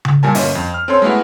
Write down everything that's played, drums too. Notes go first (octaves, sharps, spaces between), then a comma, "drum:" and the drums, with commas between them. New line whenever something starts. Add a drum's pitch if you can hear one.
drum: tom C#3
A#2 G3 A#4 G#5 A5
G1 A#3 C#4 F4 D#5 E5, drum: open hi-hat
F2
F6
C4 C#4 A4 C#5 C6
G#3 A3 B3 E4 F#4